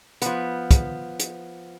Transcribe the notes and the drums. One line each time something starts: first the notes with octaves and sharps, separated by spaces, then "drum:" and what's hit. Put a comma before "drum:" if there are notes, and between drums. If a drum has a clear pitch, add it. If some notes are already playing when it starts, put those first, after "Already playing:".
F3 B3, drum: hi-hat
drum: kick, hi-hat
drum: hi-hat